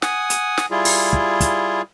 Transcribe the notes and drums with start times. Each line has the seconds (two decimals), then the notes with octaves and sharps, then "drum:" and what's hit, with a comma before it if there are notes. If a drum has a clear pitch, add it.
0.02 F#5 G#5 D#6, drum: snare
0.30 drum: hi-hat
0.58 drum: snare
0.71 G3 E4 F4 G#4
0.85 drum: open hi-hat
1.13 drum: kick
1.40 drum: kick, hi-hat